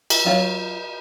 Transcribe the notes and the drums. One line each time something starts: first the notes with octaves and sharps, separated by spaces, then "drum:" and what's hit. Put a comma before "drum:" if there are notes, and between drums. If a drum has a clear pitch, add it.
drum: cymbal
F#3 F4 C#5